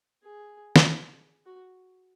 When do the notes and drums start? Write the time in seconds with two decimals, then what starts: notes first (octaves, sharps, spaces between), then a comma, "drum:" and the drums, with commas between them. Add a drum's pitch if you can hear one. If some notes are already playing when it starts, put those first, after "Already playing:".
0.23 G#4
0.76 drum: snare
1.46 F#4